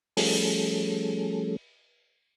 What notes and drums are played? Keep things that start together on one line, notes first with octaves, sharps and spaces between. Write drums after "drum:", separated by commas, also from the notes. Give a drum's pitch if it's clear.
F3 G3 A3 C#4 G#4 A4, drum: open hi-hat